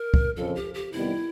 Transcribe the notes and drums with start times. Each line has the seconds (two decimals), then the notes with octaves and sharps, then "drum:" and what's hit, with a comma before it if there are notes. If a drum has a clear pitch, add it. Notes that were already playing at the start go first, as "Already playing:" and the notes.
Already playing: A#4
0.14 drum: kick
0.37 F2 C#3 F3 A4
0.55 G4
0.74 G4
0.92 F2 C3 D#3 G3 B3 E4